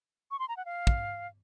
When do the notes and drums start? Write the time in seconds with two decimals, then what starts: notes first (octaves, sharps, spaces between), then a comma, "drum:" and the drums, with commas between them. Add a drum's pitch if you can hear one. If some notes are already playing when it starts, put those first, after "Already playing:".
0.31 C#6
0.39 C6
0.48 A#5
0.57 F#5
0.66 F5
0.87 drum: kick